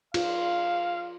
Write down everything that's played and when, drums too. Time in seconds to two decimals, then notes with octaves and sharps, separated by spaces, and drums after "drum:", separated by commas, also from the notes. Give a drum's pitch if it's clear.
0.14 F4 F5, drum: cymbal